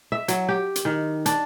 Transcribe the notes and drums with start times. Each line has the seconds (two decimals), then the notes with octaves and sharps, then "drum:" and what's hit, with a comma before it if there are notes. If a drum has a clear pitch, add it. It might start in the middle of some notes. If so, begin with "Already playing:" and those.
0.12 E5
0.28 F#3, drum: hi-hat
0.49 G4
0.76 drum: hi-hat
0.85 D#3
1.26 D4, drum: hi-hat